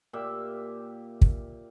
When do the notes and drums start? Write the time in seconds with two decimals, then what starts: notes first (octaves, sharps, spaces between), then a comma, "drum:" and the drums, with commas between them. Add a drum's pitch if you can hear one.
0.13 A#2 G4 E5
1.22 drum: kick